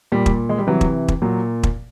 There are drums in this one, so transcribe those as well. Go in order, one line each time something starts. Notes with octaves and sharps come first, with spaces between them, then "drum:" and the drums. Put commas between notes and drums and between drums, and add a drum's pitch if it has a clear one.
A#2 G3
drum: kick
G#3
G3
C3 E3 F#3
drum: kick
drum: kick
A#2 F#3
drum: kick